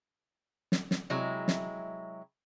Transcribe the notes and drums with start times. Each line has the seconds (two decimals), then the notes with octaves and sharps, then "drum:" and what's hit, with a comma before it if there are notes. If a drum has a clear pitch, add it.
0.72 drum: snare
0.91 drum: snare
1.10 C3 F#3 G#3 E4
1.48 drum: snare